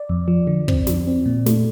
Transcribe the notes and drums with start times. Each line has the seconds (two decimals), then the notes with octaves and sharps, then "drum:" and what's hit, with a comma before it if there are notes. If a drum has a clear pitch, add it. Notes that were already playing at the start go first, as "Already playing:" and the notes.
Already playing: D5
0.09 F2
0.28 F3
0.47 D3
0.68 C4, drum: kick
0.87 F2, drum: snare
1.07 C4
1.26 A#2
1.46 A3, drum: snare